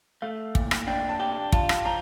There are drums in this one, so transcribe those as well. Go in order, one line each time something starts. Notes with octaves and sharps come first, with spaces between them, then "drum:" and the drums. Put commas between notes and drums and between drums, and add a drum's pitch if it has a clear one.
A3 F5
A#2, drum: kick
drum: rim click
D4 G5
A5
G4 G5
F4 A5, drum: kick
drum: rim click
F3 A#5